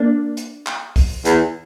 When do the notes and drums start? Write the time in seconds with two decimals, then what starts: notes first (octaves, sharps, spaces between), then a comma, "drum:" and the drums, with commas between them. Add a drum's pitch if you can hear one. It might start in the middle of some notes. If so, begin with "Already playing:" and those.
Already playing: A#3 D4
0.37 drum: hi-hat
0.66 drum: clap
0.96 drum: kick, open hi-hat
1.25 E2, drum: hi-hat